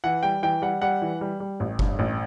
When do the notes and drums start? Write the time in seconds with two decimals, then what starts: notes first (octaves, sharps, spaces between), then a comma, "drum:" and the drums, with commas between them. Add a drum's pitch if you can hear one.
0.04 E3 F#5
0.23 G3 G5
0.43 E3 G5
0.62 G3 F#5
0.82 G3 F#5
1.02 E3
1.21 G3
1.40 G3
1.60 A1
1.79 G2, drum: kick F#1
1.99 A1